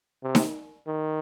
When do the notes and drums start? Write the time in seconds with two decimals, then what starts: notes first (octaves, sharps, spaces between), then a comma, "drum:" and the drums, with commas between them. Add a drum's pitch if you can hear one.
0.23 C3
0.35 drum: snare D#4
0.87 D#3